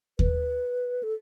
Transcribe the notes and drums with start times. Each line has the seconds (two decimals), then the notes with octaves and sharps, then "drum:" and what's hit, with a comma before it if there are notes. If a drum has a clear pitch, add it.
0.19 B4, drum: kick D#2
1.03 A4